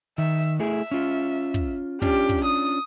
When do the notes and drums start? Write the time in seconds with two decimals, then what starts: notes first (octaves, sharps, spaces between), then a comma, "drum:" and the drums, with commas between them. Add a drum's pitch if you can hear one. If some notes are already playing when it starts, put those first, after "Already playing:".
0.18 D#3 E5
0.43 drum: open hi-hat
0.60 A3 E4 G#4 E5
0.91 C#4 F4
1.54 drum: kick
2.02 C#4 D4 F4 G4, drum: kick
2.29 drum: kick
2.45 D#6